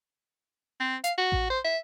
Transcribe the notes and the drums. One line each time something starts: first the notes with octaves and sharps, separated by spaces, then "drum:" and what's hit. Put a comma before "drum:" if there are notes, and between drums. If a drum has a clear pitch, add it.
C4
F5, drum: hi-hat
F#4
drum: kick A1
C5
E5